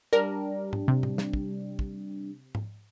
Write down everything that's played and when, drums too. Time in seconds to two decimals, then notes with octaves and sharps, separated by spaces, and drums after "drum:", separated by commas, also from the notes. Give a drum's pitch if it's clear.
0.13 G3 D4 G4 A#4
0.73 drum: tom G#2
0.88 C3
1.03 drum: tom A2
1.18 drum: snare
1.33 drum: kick
1.79 drum: kick
2.55 drum: tom G#2